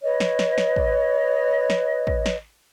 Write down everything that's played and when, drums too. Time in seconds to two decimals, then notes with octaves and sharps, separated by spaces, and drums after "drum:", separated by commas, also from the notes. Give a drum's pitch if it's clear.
0.02 B4 C#5 D#5
0.20 drum: snare
0.39 drum: snare
0.58 drum: snare
0.76 drum: kick
1.70 drum: snare
2.07 drum: kick
2.26 drum: snare